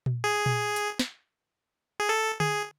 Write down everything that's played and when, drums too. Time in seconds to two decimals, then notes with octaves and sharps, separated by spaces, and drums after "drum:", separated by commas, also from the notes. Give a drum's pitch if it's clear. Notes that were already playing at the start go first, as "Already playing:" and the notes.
0.06 drum: tom A#2
0.24 G#4
0.46 drum: tom A#2
0.76 drum: hi-hat
0.99 drum: snare
2.00 G#4
2.09 A4
2.40 G#4, drum: tom D3